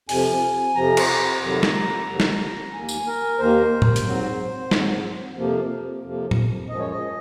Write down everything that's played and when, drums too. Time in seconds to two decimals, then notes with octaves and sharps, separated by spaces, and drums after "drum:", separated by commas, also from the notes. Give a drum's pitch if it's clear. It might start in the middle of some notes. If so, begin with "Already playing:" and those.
0.09 F2 C3 F3 G#5, drum: open hi-hat
0.75 F2 C3 F3 A#5
0.97 drum: cymbal
1.41 F2 C3 D#3 F#3 A#5
1.63 drum: snare
2.07 F2 C3 D#3 F#3
2.20 drum: snare
2.73 D#2 D#3 A#3 G#5
2.88 drum: tambourine
3.07 A#4
3.39 D#2 D#3 A#3 C5
3.82 drum: tom A2
3.96 drum: hi-hat
4.05 G#2 F#3 C4
4.71 G#2 F#3 C4, drum: snare
5.37 F2 C3 F3 A#3
6.03 F2 C3 F3 A#3
6.31 drum: tom A#2
6.69 F#2 F3 G#3 D#5
6.79 C#5
6.90 D#5